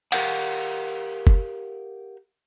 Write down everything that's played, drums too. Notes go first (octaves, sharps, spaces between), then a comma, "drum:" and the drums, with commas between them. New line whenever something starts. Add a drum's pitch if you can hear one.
G4 A#4 F5 F#5, drum: cymbal
drum: kick F#1